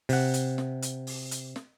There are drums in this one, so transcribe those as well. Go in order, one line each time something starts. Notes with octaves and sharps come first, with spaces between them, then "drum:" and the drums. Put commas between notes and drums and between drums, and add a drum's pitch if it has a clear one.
C3 F#5, drum: open hi-hat
drum: hi-hat
drum: snare
drum: hi-hat
drum: open hi-hat
drum: hi-hat
drum: snare